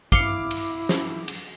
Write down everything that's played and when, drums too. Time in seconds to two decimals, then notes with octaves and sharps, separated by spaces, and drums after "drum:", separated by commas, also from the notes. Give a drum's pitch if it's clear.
0.12 E4 F5 D6 C#7 G7, drum: kick
0.51 drum: cymbal
0.89 drum: snare
1.28 drum: cymbal